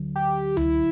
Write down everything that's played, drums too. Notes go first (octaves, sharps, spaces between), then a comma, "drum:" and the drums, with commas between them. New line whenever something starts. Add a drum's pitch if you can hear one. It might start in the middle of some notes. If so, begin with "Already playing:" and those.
Already playing: D2 D3 F#3
G4
E4, drum: tom C#2